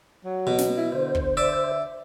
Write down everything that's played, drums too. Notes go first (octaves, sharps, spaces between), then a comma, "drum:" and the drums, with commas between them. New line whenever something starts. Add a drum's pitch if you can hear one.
F#3
B2
drum: snare
E4
D3 C5
drum: kick
D5 E5